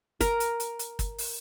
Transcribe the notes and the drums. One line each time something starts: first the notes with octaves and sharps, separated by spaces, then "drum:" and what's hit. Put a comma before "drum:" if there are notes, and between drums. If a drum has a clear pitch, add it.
A#4, drum: kick, hi-hat
drum: hi-hat
drum: hi-hat
drum: hi-hat
drum: kick, hi-hat
drum: open hi-hat